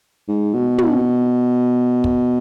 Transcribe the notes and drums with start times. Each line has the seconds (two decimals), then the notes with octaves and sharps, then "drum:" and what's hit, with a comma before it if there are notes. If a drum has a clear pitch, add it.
0.28 G#2
0.53 B2
0.78 drum: tom
2.04 drum: kick